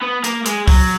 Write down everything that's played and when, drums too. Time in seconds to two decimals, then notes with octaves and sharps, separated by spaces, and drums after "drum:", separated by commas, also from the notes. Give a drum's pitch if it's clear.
0.02 B3
0.24 A#3, drum: hi-hat
0.46 G#3, drum: hi-hat
0.68 F#3, drum: kick, open hi-hat